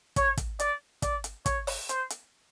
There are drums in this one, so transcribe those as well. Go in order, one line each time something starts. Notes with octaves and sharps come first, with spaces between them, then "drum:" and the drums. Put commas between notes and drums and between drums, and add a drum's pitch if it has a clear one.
C#5, drum: kick, hi-hat
drum: kick, hi-hat
D5, drum: hi-hat
D5, drum: kick, hi-hat
drum: hi-hat
C#5, drum: kick, hi-hat
drum: open hi-hat
C5, drum: hi-hat
drum: hi-hat